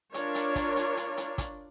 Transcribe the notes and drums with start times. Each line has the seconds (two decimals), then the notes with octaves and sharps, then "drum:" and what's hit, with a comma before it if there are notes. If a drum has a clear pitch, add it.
0.14 D4 F4 A#4 C#5 D5, drum: hi-hat
0.35 drum: hi-hat
0.55 drum: kick, hi-hat
0.76 drum: hi-hat
0.97 drum: hi-hat
1.17 drum: hi-hat
1.38 drum: kick, hi-hat